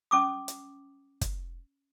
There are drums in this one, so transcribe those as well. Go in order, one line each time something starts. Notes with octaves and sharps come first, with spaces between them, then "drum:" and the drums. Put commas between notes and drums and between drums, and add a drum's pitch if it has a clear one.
C#4 D6 D#6
drum: hi-hat
drum: kick, hi-hat